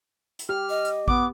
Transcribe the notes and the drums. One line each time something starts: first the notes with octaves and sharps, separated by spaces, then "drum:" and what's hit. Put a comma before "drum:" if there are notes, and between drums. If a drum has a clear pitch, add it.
drum: hi-hat
G4 F6
D#5
drum: hi-hat
B3 D6, drum: kick